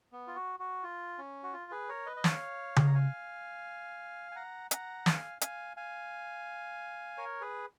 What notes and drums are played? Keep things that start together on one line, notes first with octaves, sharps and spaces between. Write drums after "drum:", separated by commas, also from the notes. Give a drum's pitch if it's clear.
B3
F4
F#4
F#4
F4
C#4
F#4
F4
G#4 B4
A#4 C#5
B4 D#5
D#5
C#5 F5, drum: snare
drum: tom C#3
A#5
F5 G#5
G#5
F#5 A#5
F#5 A#5, drum: hi-hat
F5 G#5, drum: snare
F5 G#5, drum: hi-hat
F5 G#5
A#4 C#5
G#4 B4